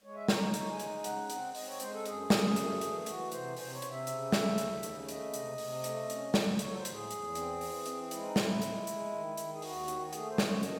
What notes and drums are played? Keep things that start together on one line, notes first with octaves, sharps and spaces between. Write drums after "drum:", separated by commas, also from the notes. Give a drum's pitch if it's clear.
G#3 C#5
E5
D#4 C#5, drum: snare
C#5
G#3 C#5, drum: hi-hat
G#5
D#4, drum: hi-hat
C#3 F#5, drum: hi-hat
C4, drum: hi-hat
C4 D#5, drum: open hi-hat
C#5
G#3 C5, drum: hi-hat
A4
F#2 G#4, drum: hi-hat
F#2, drum: snare
A3, drum: hi-hat
E3, drum: hi-hat
E3 F#4, drum: hi-hat
C3 C5, drum: hi-hat
C3 C5, drum: open hi-hat
C#5
C3, drum: hi-hat
E5
C#3, drum: hi-hat
A3, drum: snare
D#2, drum: hi-hat
C#3, drum: hi-hat
A3 D#5, drum: hi-hat
C3, drum: hi-hat
C3, drum: open hi-hat
A3, drum: hi-hat
C#4, drum: hi-hat
A2, drum: snare
F#3 C#5, drum: hi-hat
A4
C5
A2, drum: hi-hat
G#4
E2, drum: hi-hat
C4, drum: hi-hat
E3, drum: open hi-hat
C4, drum: hi-hat
G#3 E4, drum: hi-hat
D#4
A2 E4, drum: snare
G#3, drum: hi-hat
G#3, drum: hi-hat
D#3
D#3, drum: hi-hat
G#4
D#2 F#4, drum: open hi-hat
D#3, drum: hi-hat
F#4
A3 G#4, drum: hi-hat
C5
F#2, drum: snare
C#5
E3 D#5, drum: hi-hat